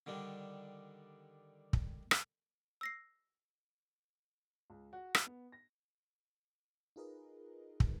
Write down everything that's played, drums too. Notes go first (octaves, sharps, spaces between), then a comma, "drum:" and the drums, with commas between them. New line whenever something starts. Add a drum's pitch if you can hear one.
D3 D#3 G3 D4
drum: kick
drum: rim click
E6 A#6 C7
C#2
F#4
drum: rim click
B3
A#6
D#4 F4 G#4 A#4 B4 D#5
drum: kick